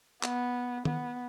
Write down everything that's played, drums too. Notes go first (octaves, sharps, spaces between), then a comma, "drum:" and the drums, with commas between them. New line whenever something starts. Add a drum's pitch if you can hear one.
B3, drum: clap
B3, drum: tom D#3